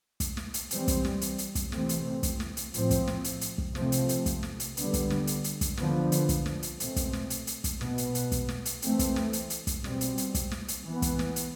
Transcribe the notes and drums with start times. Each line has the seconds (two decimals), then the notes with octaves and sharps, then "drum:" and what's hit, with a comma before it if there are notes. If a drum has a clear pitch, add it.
0.20 drum: kick, hi-hat
0.37 drum: snare
0.54 drum: hi-hat
0.71 E3 G3 C4, drum: hi-hat
0.88 drum: kick, hi-hat
1.05 drum: snare
1.21 drum: hi-hat
1.38 drum: hi-hat
1.55 drum: kick, hi-hat
1.72 C3 E3 A3 C4, drum: snare
1.89 drum: hi-hat
2.23 drum: kick, hi-hat
2.40 drum: snare
2.57 drum: hi-hat
2.74 A2 F3 C4, drum: hi-hat
2.91 drum: kick, hi-hat
3.07 drum: snare
3.24 drum: hi-hat
3.41 drum: hi-hat
3.58 drum: kick
3.75 C3 F3 A3 C4, drum: snare
3.92 drum: hi-hat
4.09 drum: hi-hat
4.26 drum: kick, hi-hat
4.43 drum: snare
4.60 drum: hi-hat
4.77 D3 G3 B3, drum: hi-hat
4.93 drum: kick, hi-hat
5.10 drum: snare
5.27 drum: hi-hat
5.44 drum: hi-hat
5.61 drum: kick, hi-hat
5.77 D3 F3 B3, drum: snare
6.12 drum: hi-hat
6.29 drum: kick, hi-hat
6.46 drum: snare
6.63 drum: hi-hat
6.80 B2 A3 C4, drum: hi-hat
6.96 drum: kick, hi-hat
7.13 drum: snare
7.30 drum: hi-hat
7.47 drum: hi-hat
7.64 drum: kick, hi-hat
7.81 B2 B3, drum: snare
7.98 drum: hi-hat
8.15 drum: hi-hat
8.32 drum: kick, hi-hat
8.49 drum: snare
8.65 drum: hi-hat
8.82 E3 A3 C4, drum: hi-hat
8.99 drum: kick, hi-hat
9.16 drum: snare
9.33 drum: hi-hat
9.50 drum: hi-hat
9.67 drum: kick, hi-hat
9.84 B2 G3 C4, drum: snare
10.01 drum: hi-hat
10.18 drum: hi-hat
10.35 drum: kick, hi-hat
10.51 drum: snare
10.68 drum: hi-hat
10.86 E3 B3
11.02 drum: kick, hi-hat
11.19 drum: snare
11.36 drum: hi-hat